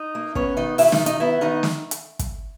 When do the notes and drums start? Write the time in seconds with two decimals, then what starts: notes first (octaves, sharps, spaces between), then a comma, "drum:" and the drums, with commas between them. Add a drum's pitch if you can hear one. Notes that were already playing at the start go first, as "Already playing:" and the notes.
Already playing: D#4 D#5
0.15 A#3
0.35 B3 C#4 C#5, drum: kick
0.57 D#3 D#4 D#5
0.78 D#3 E4 E5, drum: open hi-hat
0.92 D#4 D#5, drum: snare
1.00 D#3
1.06 D#4 D#5, drum: hi-hat
1.20 B3 E4 E5
1.41 D#3 D#4 D#5
1.63 drum: snare
1.91 drum: hi-hat
2.19 drum: kick, hi-hat